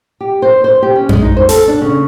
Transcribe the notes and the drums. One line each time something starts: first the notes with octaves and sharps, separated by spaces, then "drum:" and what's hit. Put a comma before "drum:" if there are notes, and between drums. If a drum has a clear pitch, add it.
G4
C5
C5
G4
C#4
G#3, drum: tom F2
D#4
C5
A4, drum: open hi-hat
D4
C#3